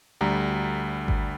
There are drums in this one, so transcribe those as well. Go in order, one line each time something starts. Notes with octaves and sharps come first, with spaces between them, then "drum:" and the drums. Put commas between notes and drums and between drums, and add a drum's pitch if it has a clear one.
D2 G3 A#5
drum: kick G#1